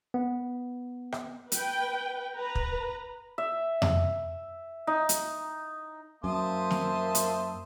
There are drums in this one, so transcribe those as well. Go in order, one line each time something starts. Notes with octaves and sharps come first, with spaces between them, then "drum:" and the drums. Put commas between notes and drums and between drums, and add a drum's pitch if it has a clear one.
B3
drum: rim click
B4 G5, drum: hi-hat
B4 A#5
drum: kick
E5
drum: tom F2
D#4
drum: hi-hat
F#2 A#3 C5 E5 A5 C6 D#6
drum: snare
drum: hi-hat